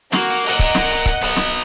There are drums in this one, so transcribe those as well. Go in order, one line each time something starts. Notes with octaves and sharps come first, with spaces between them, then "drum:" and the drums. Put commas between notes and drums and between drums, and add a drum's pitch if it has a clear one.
A#3 F#4, drum: snare
drum: hi-hat
A#4 D5 D#5 F#5 F#6, drum: open hi-hat
drum: kick C#1, hi-hat
drum: snare
drum: hi-hat
drum: kick C#1, hi-hat
F#3 B3, drum: open hi-hat
drum: snare